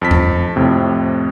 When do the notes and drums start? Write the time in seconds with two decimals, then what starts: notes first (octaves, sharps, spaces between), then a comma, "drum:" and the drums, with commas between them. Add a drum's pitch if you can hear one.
0.02 F2 A5 B6
0.11 drum: tom E2
0.56 F2 A2 C3